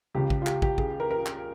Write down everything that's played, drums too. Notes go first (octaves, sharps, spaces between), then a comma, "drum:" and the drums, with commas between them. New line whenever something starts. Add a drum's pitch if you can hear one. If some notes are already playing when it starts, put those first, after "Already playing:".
C#2 C#3 G4
drum: kick
F4
G4, drum: clap
G4, drum: kick
G#4, drum: kick
A#4
A#4
drum: clap